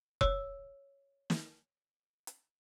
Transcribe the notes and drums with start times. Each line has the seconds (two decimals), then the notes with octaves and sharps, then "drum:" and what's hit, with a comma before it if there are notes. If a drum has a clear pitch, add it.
0.21 C#5 E6, drum: kick F1
1.30 drum: snare
2.27 drum: hi-hat